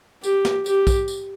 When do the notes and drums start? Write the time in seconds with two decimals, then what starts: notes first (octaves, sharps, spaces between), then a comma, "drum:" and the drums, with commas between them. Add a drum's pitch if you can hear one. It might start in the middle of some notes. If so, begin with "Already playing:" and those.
0.24 G4, drum: tambourine
0.45 drum: snare
0.66 G4, drum: tambourine
0.87 drum: kick, tambourine
1.08 drum: tambourine